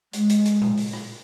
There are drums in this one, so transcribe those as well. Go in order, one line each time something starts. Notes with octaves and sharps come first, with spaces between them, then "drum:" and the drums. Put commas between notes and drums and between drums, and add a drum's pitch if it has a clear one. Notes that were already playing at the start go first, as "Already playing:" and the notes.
G#3, drum: hi-hat
drum: hi-hat
drum: hi-hat
drum: tom A#2
drum: open hi-hat
drum: rim click